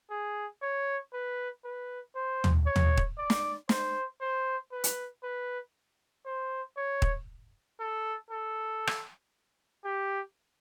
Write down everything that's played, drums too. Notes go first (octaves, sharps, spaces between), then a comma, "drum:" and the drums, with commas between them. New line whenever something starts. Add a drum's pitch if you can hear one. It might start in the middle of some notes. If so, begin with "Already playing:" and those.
G#4
C#5
B4
B4
C5
drum: tom
C#5
drum: tom
drum: kick D#1
D5
drum: snare
C5, drum: snare
C5
B4
drum: hi-hat
B4
C5
C#5
drum: kick D#1
A4
A4
drum: rim click
G4